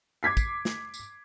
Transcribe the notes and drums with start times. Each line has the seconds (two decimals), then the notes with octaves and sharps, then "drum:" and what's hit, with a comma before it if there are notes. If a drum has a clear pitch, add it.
0.23 D6 G#6 B6 C7
0.37 drum: kick, tambourine
0.65 drum: snare
0.94 drum: tambourine